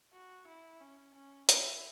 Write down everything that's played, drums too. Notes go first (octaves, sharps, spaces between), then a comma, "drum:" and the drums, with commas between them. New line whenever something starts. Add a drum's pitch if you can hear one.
F#4
E4
C#4
C#4
E4, drum: hi-hat